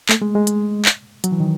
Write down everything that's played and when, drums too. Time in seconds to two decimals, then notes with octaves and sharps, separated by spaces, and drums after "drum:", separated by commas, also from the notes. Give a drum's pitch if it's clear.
0.09 A3, drum: clap
0.22 G#3
0.35 G#3
0.47 drum: hi-hat
0.85 drum: clap
1.24 F#3, drum: hi-hat
1.32 E3
1.40 D#3